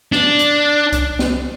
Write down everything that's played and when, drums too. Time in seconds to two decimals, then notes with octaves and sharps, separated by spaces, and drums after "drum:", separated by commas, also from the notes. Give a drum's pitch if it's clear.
0.12 D4, drum: snare
0.39 drum: hi-hat
0.93 drum: kick C2, hi-hat
1.19 drum: snare